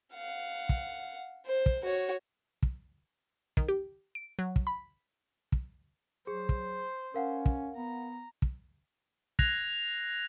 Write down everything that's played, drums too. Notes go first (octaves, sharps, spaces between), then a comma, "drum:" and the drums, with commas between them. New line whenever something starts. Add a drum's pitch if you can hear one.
F5 F#5
drum: kick
C5
drum: kick
F#4 C#5
drum: kick
D#3, drum: kick
G4
D7
F#3
drum: kick
B5
drum: kick
F#3 G#4 C5
drum: kick
C#4 A#4 F5 F#5
drum: kick
B3 A#5
drum: kick
F#6 G#6 A#6 C7 F7, drum: kick